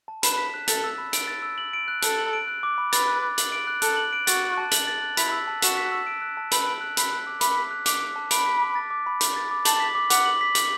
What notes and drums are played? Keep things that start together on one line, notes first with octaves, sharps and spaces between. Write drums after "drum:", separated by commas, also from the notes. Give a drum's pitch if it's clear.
A5
B4 E7, drum: hi-hat
B6
F#6
A4 A6, drum: hi-hat
E6
B5
D7, drum: hi-hat
A6
E6
F#7
D7
F#6
A4 F#6, drum: hi-hat
F#7
D7
F#6
D6
B5
B4 A6, drum: hi-hat
F#6
D6
F#7, drum: hi-hat
D7
F#6
A4 F#6, drum: hi-hat
F#7
D7
F#4 A6, drum: hi-hat
F#6
A5
F#7, drum: hi-hat
A6
F#6
E4 B6, drum: hi-hat
E6
A5
F#4 E7, drum: hi-hat
B6
E6
D7
F#6
A5
B4 F#7, drum: hi-hat
D7
F#6
B5 B6, drum: hi-hat
F#6
D6
B5 D6, drum: hi-hat
B6
F#6
D6 B6, drum: hi-hat
D6
A5
B5 D7, drum: hi-hat
B6
D6
A6
D6
B5
B5, drum: hi-hat
A6
D6
A5 F#7, drum: hi-hat
B6
D6
F#5 D6, drum: hi-hat
F#7
B6
F#7, drum: hi-hat